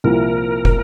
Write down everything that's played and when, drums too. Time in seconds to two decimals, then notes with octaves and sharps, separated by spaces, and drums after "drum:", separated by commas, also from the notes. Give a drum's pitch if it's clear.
0.04 C2 A#2 F3 C4 E4 A#4
0.65 drum: kick